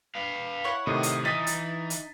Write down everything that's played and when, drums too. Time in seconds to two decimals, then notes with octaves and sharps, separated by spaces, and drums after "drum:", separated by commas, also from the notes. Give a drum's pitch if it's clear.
0.15 B4 F5
0.64 E4 C#5 F#5
0.87 A2 C3 D#3 D#5
1.03 drum: hi-hat
1.25 E3 D#4 D#6 A6 B6
1.47 drum: hi-hat
1.90 drum: hi-hat